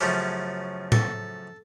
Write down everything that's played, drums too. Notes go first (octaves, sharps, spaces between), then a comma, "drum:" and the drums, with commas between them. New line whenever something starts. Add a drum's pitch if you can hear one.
F#2 C#3 F3 A3 C#4 G4
A4, drum: tom A2